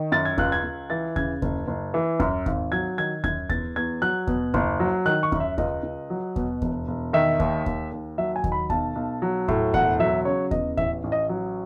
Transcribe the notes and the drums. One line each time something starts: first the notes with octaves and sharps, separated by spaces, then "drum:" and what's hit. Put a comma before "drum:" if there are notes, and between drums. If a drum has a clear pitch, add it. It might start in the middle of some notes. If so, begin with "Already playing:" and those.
Already playing: D#3
F#2 A6
G#6
C#2 F#6, drum: kick D#2
G#6
C#2
E3 A6
C#3 G#6, drum: kick D#2
F#1, drum: kick D#2
F#1
E3
F#2, drum: kick D#2
G#1, drum: kick D#2
F#3 G#6
D#3 G#6
F#2 G#6, drum: kick D#2
E2 A6, drum: kick D#2
E2 G#6
F#3 F#6
B2, drum: kick D#2
F#1, drum: kick D#2
F#3
D#3 F#6
C#6
F#2, drum: kick D#2
E5
C#2 D#5, drum: kick D#2
C#2
F#3
B2, drum: kick D#2
E1, drum: kick D#2
E1
D#3 E5
D#2, drum: kick D#2
D#2, drum: kick D#2
D#2
F#3 E5
G#5
D#3, drum: kick D#2
B5
B1 A5, drum: kick D#2
B1
F#3
A2, drum: kick D#2
E1 F#5, drum: kick D#2
F#3 E5
C#3 C#5
E2 D#5, drum: kick D#2
A1 E5, drum: kick D#2
A1
D#5
F#3